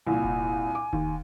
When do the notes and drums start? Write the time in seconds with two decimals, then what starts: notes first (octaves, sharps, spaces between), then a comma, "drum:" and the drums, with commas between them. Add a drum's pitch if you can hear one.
0.07 C2 A#2 G#5
0.24 drum: kick E1
0.75 D6
0.93 D#2, drum: kick E1